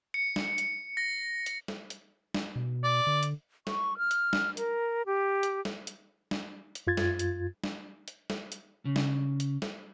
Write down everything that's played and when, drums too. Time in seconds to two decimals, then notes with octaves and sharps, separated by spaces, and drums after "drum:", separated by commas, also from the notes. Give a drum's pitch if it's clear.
0.14 C#7
0.36 drum: snare
0.58 drum: hi-hat
0.97 A#6
1.46 drum: hi-hat
1.68 drum: snare
1.90 drum: hi-hat
2.34 drum: snare
2.56 B2
2.84 D5
3.07 D3
3.23 drum: hi-hat
3.67 C#6, drum: snare
3.98 F6
4.11 drum: hi-hat
4.33 drum: snare
4.57 A#4, drum: hi-hat
5.06 G4
5.43 drum: hi-hat
5.65 drum: snare
5.87 drum: hi-hat
6.31 drum: snare
6.75 drum: hi-hat
6.87 F#2 F4 G#6 A6
6.97 drum: snare
7.19 drum: hi-hat
7.64 drum: snare
8.08 drum: hi-hat
8.30 drum: snare
8.52 drum: hi-hat
8.85 C#3
8.96 drum: snare
9.40 drum: hi-hat
9.62 drum: snare